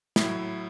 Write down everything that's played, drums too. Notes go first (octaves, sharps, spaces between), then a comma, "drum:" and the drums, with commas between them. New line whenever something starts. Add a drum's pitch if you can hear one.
A2 F#3 E4, drum: snare